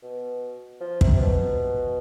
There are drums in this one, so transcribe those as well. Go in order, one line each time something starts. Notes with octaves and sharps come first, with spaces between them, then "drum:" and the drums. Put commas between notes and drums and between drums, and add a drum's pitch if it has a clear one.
B2
F3
C3, drum: kick
B2